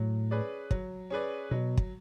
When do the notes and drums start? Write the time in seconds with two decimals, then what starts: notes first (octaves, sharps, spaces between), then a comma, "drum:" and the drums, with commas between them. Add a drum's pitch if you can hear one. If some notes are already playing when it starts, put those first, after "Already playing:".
Already playing: A2 F#3
0.31 C#4 G#4 B4 D5
0.71 F#3, drum: kick
1.10 C#4 G#4 B4 D5
1.51 B2 F#3
1.77 drum: kick